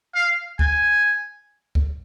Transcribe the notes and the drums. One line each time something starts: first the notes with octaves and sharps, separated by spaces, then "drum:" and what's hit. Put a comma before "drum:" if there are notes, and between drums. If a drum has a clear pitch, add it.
F5
G#5, drum: kick
drum: kick